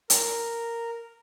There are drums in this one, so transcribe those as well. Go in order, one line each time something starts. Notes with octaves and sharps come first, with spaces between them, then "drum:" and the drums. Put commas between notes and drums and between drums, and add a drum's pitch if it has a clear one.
A#4, drum: hi-hat